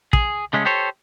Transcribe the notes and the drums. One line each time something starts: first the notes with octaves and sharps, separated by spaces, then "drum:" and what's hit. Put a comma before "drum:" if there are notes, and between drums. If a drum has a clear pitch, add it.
G#4, drum: kick
C#3 G#3 A3 C#4
G4 A4 C5 C#5